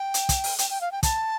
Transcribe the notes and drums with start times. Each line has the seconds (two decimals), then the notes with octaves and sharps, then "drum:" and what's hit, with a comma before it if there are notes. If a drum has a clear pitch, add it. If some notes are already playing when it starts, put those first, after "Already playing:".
Already playing: G5
0.14 drum: hi-hat
0.29 drum: kick, hi-hat
0.44 drum: open hi-hat
0.59 G5, drum: hi-hat
0.70 G5
0.81 F5
0.92 G5
1.03 A5, drum: kick, hi-hat